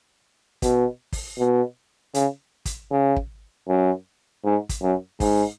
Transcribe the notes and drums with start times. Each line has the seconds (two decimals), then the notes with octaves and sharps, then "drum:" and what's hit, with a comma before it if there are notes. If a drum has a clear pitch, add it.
0.62 B2, drum: kick, hi-hat
1.13 drum: kick, open hi-hat
1.39 B2
2.14 C#3, drum: hi-hat
2.65 drum: kick, hi-hat
2.91 C#3
3.16 drum: kick
3.68 F#2
4.44 G#2
4.69 drum: kick, hi-hat
4.82 F#2
5.20 G#2, drum: kick, open hi-hat